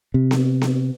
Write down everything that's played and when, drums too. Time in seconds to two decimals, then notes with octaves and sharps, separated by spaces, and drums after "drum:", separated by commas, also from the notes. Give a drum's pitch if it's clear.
0.14 C3
0.31 drum: snare B3
0.61 drum: snare B3